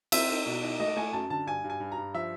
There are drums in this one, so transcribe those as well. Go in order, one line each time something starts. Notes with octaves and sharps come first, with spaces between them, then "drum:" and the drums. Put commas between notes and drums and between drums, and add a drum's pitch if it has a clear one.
C4 E5, drum: cymbal
D#4
B2
D#4
A3 D#5
A3 G#5
F#2 A5
D3 A5
G2 G#5
G2
G#5
G2
A#5
G2
F3 E5